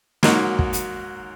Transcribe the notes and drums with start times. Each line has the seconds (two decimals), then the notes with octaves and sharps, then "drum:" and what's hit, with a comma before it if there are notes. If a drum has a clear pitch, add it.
0.23 G#2 F#3 A#3 D#4 F#4, drum: snare
0.59 drum: kick
0.73 drum: hi-hat